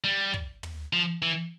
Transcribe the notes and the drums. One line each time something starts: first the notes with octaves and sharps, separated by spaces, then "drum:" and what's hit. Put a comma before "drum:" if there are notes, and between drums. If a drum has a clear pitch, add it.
G3
drum: kick
drum: tom
F3
E3